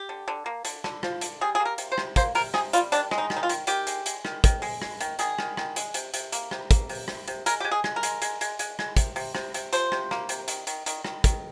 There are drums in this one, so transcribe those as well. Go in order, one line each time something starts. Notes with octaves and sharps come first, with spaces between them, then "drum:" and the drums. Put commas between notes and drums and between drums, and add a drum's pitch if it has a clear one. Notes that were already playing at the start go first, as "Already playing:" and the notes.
Already playing: G4
D3
D3
A#3
D3, drum: hi-hat
D3, drum: rim click
F3, drum: rim click
D3, drum: hi-hat
G3 G#4
A#3 G#4
A#4
C3, drum: hi-hat
C5
C3, drum: rim click
A#3 C5, drum: kick, hi-hat
C3 A#4, drum: open hi-hat
C3 G#4, drum: rim click
G3 F4, drum: hi-hat
D#3 D4, drum: hi-hat
G#3, drum: rim click
D#4
D#3, drum: rim click
D#4
F4
D#3, drum: hi-hat
D#3 G4, drum: hi-hat
G#3, drum: hi-hat
G#3, drum: hi-hat
D#3, drum: rim click
D#3, drum: kick, hi-hat
G#3, drum: open hi-hat
G#3, drum: rim click
D#3, drum: hi-hat
D#3 G#4, drum: hi-hat
D#3, drum: rim click
D#3, drum: rim click
G#3, drum: hi-hat
C3, drum: hi-hat
C3, drum: hi-hat
A#3, drum: hi-hat
C3, drum: rim click
A#3, drum: kick, hi-hat
C3, drum: open hi-hat
C3, drum: rim click
C3, drum: hi-hat
G#3 A#4, drum: hi-hat
G#3 G4
G#4
G#3, drum: rim click
A#4
G#3, drum: hi-hat
G#3, drum: hi-hat
G#3, drum: hi-hat
G#3, drum: hi-hat
G#3, drum: rim click
C3, drum: kick, hi-hat
C3, drum: open hi-hat
C3, drum: rim click
C3, drum: hi-hat
F3 C5, drum: hi-hat
C3, drum: rim click
A#3, drum: rim click
C3, drum: hi-hat
D#3, drum: hi-hat
D#3, drum: hi-hat
D#3, drum: hi-hat
D#3, drum: rim click
D#3, drum: kick, hi-hat